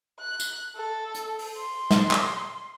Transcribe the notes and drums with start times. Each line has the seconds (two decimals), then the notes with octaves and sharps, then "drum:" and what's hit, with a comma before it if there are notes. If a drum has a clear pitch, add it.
0.20 F#6
0.40 drum: tambourine
0.76 A4
1.14 drum: hi-hat
1.39 drum: open hi-hat
1.58 C6
1.91 drum: snare
2.11 drum: clap